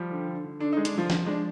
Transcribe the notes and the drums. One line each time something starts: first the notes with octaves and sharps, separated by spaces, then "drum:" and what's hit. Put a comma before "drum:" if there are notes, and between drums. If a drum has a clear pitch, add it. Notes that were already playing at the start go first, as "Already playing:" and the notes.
Already playing: F3 G3 G4
D3
D3
D3
D3 D4
D#4
G#3
D4, drum: hi-hat
D3 F3 F4
F3, drum: snare
G#3 D4